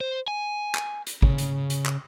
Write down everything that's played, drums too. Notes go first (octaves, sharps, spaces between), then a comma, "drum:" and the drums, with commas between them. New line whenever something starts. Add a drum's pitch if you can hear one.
C5
G#5
drum: clap
drum: hi-hat
C#3, drum: kick
drum: hi-hat
drum: hi-hat
drum: clap